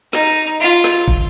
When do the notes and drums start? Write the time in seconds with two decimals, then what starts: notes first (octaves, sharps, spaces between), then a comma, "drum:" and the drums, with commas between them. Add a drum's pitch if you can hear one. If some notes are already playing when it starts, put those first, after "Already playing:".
0.13 D#4, drum: snare
0.60 F4
0.84 drum: snare
1.08 drum: kick